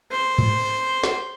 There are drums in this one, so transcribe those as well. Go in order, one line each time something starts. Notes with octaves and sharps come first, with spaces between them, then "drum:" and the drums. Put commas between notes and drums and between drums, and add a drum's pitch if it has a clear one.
C5
drum: tom G#2
drum: snare